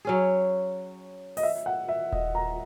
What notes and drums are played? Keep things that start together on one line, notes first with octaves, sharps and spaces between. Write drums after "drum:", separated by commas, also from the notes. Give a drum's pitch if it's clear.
F#3 C#4 G#4
D#5, drum: open hi-hat
E5
F#5
E5
D#5, drum: kick D#1
A#5